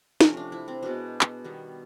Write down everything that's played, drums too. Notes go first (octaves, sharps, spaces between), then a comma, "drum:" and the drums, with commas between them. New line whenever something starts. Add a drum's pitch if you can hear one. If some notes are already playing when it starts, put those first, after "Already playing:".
C3 F3 A3 C#4, drum: snare
D4
E4
C4
B2 G#3 B3 D4
drum: clap
D#3 G3 B3